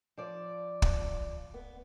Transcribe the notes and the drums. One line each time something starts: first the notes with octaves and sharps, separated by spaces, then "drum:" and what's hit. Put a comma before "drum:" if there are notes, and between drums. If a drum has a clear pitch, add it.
F3 D5
drum: kick
B3